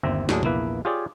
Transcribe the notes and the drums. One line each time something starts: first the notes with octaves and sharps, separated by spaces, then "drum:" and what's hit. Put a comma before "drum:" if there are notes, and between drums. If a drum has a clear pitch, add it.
G1 D#2 C4 E5 A#5
D#2 A2 F#3 D4 G#4, drum: snare
A#1 E2 A#3 E4 B4, drum: tom C3
F4 G4 G#4 C#5 D5